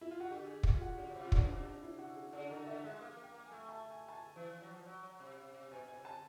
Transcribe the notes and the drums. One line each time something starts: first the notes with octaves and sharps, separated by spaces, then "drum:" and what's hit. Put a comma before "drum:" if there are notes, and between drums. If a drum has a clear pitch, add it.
E4
F4
F#4
D3 G4
G#4
G#4, drum: kick
F4
F#4
C#3 G4
B2
C3
F4
C#3 D#4, drum: kick
B2 D4
C3
D4
E4
F#4
G#4
C#3 A4
D3 A#4
D3 E5
G#3 E5
A#3 F5
A#3
G5
A#3
G#5
A3
A5
G#5
A5
G#5
E3
E3
F#3
F3
F#3
F#3
C3
C3
C3
B2 G#5
B2
G#5
C3
A5